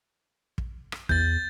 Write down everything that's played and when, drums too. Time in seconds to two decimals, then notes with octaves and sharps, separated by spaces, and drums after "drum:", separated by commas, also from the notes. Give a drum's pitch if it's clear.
0.58 drum: kick
0.92 drum: rim click
1.09 E2 G6 A6, drum: kick